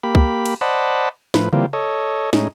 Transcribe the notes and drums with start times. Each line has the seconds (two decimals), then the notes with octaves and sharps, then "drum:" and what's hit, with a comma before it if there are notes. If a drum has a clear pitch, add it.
0.03 A#3 G4 B5
0.15 drum: kick C2
0.46 drum: cymbal
0.61 C5 D5 D#5 F#5 A5 B5
1.34 A2 F3 B4, drum: snare
1.53 E3 G3 A#3 C4 F4, drum: tom C#3
1.73 A4 C#5 D#5
2.33 A2 G#3 C#4 D#4, drum: snare